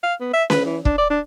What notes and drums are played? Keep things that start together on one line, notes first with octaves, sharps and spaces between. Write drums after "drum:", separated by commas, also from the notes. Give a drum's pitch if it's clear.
F5
B3
E5
B4, drum: snare C#4
E3
D4, drum: kick
D5
D4